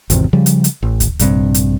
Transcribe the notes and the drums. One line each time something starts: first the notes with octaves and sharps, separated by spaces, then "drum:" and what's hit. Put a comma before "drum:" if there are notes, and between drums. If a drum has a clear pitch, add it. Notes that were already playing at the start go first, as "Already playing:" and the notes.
G#1 E2 C3, drum: hi-hat
C#3 F3 G3
drum: hi-hat
drum: hi-hat
A1
drum: kick D2, hi-hat
A#1 G2 C3, drum: hi-hat
drum: hi-hat